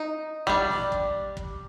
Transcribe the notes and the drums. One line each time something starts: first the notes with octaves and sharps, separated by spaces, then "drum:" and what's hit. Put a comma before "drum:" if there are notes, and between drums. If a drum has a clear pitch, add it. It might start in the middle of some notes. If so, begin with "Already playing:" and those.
Already playing: D#4
G3 D4, drum: kick
drum: snare
drum: kick
drum: kick